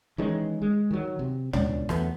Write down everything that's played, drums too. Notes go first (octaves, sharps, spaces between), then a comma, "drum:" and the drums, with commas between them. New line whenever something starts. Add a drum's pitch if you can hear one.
D#3 E3 G#3 C#4
G#3
D#3 F#3
C3
C#2 B2 C#4 D4, drum: tom
E2 F#3 A3 B3, drum: rim click